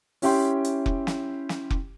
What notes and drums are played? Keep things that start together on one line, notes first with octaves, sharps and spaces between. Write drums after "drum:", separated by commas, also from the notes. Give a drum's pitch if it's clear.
C#4 E4 G4 E5 G5 C6, drum: open hi-hat
drum: hi-hat
drum: kick F1
drum: snare
drum: snare
drum: kick F1